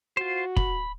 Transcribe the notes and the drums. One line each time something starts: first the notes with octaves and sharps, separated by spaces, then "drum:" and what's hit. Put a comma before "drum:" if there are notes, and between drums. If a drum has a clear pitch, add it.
F4 F#4 C5
B5, drum: kick